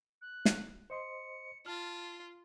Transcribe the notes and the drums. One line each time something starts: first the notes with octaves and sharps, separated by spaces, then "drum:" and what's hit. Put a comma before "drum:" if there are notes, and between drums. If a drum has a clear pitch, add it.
F#6
drum: snare
C5 D#5 C6 C#7
F4 A5 F6